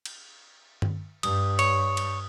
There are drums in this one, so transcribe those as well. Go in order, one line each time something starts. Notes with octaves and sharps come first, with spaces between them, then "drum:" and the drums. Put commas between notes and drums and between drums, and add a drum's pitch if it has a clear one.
drum: cymbal
drum: tom G2
G2 D#6, drum: cymbal
C#5, drum: cymbal
drum: cymbal